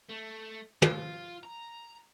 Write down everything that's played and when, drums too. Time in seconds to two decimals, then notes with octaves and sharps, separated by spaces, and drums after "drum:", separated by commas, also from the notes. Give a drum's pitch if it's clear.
0.09 A3
0.82 F4, drum: tom
1.43 A#5